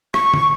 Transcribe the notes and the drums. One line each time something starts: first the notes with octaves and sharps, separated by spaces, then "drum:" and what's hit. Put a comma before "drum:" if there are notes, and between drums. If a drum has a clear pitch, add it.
C#6, drum: rim click
drum: tom